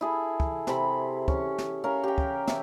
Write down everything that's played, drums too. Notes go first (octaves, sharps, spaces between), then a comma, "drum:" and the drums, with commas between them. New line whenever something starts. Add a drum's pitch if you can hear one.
E4 G#4 A4
drum: kick
C3 B5, drum: snare
C#4, drum: kick
drum: snare
C#4 A#4 F5
G4 G5
drum: kick
E5, drum: snare